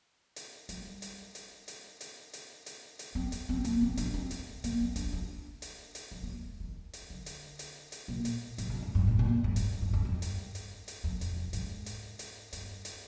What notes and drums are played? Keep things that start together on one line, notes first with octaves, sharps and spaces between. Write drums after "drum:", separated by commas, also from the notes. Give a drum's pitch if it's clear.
drum: hi-hat
G3, drum: hi-hat
drum: hi-hat
drum: hi-hat
drum: hi-hat
drum: hi-hat
drum: hi-hat
drum: hi-hat
drum: hi-hat
C4
drum: hi-hat
C4
A#3, drum: hi-hat
C4
D4, drum: hi-hat
C4
drum: hi-hat
A#3, drum: hi-hat
C4
D4, drum: hi-hat
D4
drum: hi-hat
drum: hi-hat
F3
A#3
G#3
D#3
drum: hi-hat
D3
drum: hi-hat
drum: hi-hat
drum: hi-hat
A#2
drum: hi-hat
G#2, drum: hi-hat
G2
F2
G2
A#2
A#2
G2
G2, drum: hi-hat
G2
F2
G2
drum: hi-hat
drum: hi-hat
drum: hi-hat
F2
F2, drum: hi-hat
G2
G#2, drum: hi-hat
drum: hi-hat
drum: hi-hat
G2, drum: hi-hat
drum: hi-hat